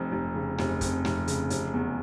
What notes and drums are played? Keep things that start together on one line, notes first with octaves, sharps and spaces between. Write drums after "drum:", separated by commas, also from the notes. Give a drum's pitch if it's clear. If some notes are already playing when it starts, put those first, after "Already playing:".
Already playing: F1 F2
F1
C#3
F1, drum: snare
F2, drum: kick, hi-hat
F1, drum: snare
C#3, drum: hi-hat
F1, drum: hi-hat
E2